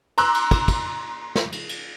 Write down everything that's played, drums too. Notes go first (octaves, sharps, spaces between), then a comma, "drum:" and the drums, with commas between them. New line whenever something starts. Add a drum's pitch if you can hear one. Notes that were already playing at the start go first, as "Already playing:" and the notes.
A#5 C6 D6 E6 F#6, drum: cymbal
drum: cymbal
drum: kick, cymbal
drum: kick, cymbal
drum: snare
drum: cymbal
drum: cymbal